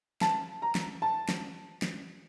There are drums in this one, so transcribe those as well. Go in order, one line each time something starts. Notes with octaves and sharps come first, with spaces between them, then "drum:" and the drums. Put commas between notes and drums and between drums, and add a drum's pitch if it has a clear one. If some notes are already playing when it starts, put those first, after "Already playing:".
A5, drum: snare
A#5
drum: snare
A5
drum: snare
drum: snare